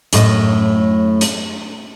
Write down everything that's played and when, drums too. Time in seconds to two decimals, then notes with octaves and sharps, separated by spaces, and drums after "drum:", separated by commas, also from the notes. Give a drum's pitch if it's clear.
0.13 F#2 A2 D#5, drum: hi-hat
1.21 drum: hi-hat